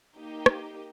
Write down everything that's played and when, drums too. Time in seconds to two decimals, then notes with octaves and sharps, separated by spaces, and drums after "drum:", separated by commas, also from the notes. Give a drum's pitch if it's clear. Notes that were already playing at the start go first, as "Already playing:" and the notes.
0.15 A#3 D#4 G4
0.46 drum: rim click